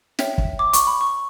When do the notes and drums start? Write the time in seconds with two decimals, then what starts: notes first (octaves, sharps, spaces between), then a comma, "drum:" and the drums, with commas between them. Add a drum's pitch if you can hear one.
0.19 C#5 E5 G5 B6, drum: snare
0.38 drum: kick
0.59 D6
0.73 C#6, drum: hi-hat
0.87 B5
1.01 C#6